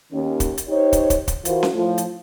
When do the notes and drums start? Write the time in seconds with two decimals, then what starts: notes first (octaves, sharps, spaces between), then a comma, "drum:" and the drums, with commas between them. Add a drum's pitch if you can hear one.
0.13 D#2 D#3 C#4
0.40 drum: kick, hi-hat
0.58 drum: hi-hat
0.69 D#4 G4 C5 C#5
0.93 drum: kick, hi-hat
1.10 drum: kick, hi-hat
1.28 drum: kick, hi-hat
1.45 E3 F4 F#4 A#4 C5, drum: hi-hat
1.63 drum: snare C#4
1.75 A2 F3
1.98 drum: hi-hat